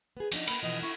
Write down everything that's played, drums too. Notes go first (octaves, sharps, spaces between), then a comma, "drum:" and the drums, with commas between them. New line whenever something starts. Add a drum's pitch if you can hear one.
B3 G#4
F3 D4 D#4, drum: cymbal
A#3 B3 B5, drum: cymbal
B2 E3 F3 D#5
E4 F#5 C#6